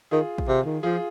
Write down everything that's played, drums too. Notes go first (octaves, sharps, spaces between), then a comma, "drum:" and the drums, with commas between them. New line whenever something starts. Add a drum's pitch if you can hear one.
D#3 F4 G#4
drum: kick
C3
D#3
F3 F4 G#4